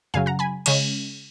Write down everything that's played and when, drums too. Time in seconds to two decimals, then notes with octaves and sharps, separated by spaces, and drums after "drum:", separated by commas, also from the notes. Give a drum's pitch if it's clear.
0.14 F#2 C#3 F#3 F5 G#5
0.26 F#5 A#5
0.39 G#5 B5
0.66 C#3 G#3 C#4, drum: cymbal